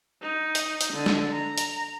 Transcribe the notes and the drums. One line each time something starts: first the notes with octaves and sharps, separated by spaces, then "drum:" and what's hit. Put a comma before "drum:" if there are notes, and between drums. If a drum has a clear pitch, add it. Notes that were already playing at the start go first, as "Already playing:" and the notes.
D#4
drum: hi-hat
drum: hi-hat
D3
drum: snare
A#5
drum: hi-hat